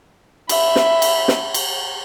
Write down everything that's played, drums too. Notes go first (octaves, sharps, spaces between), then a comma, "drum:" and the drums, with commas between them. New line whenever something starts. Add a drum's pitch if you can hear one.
E5 B5, drum: cymbal
drum: snare
drum: cymbal
drum: snare
drum: cymbal